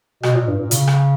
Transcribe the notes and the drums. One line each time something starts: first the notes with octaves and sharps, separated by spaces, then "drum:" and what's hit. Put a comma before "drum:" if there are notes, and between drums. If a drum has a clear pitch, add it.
B2, drum: rim click
A#2
G2
A#2
C#3, drum: hi-hat
drum: rim click